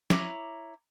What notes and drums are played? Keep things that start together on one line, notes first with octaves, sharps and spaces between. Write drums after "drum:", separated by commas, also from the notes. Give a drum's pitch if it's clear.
E4 C#5 A#5 D6, drum: snare